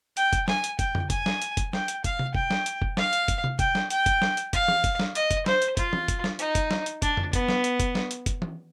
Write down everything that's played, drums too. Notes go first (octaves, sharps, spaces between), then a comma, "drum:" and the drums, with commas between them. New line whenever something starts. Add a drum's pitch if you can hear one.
G5, drum: hi-hat
drum: kick F#1, hi-hat
G#5, drum: snare
drum: hi-hat
G5, drum: kick F#1, hi-hat
drum: tom F2
G#5, drum: kick F#1, hi-hat
drum: snare
drum: hi-hat
drum: kick F#1, hi-hat
G5, drum: snare
drum: hi-hat
F5, drum: kick F#1, hi-hat
drum: tom C3
G5, drum: kick F#1
drum: snare
drum: hi-hat
drum: kick F#1
F5, drum: snare
drum: hi-hat
drum: kick F#1, hi-hat
drum: tom C3
G5, drum: kick F#1, hi-hat
drum: snare
G5, drum: hi-hat
drum: kick F#1, hi-hat
drum: snare
drum: hi-hat
F5, drum: kick F#1, hi-hat
drum: tom
drum: kick F#1, hi-hat
drum: snare
D#5, drum: hi-hat
drum: kick F#1, hi-hat
C5, drum: snare
drum: hi-hat
F4, drum: kick F#1, hi-hat
drum: tom
drum: kick F#1, hi-hat
drum: snare
D#4, drum: hi-hat
drum: kick F#1, hi-hat
drum: snare
drum: hi-hat
D4, drum: kick F#1, hi-hat
drum: tom F2
B3, drum: kick F#1, hi-hat
drum: snare
drum: hi-hat
drum: kick F#1, hi-hat
drum: snare
drum: hi-hat
drum: kick F#1, hi-hat
drum: tom E3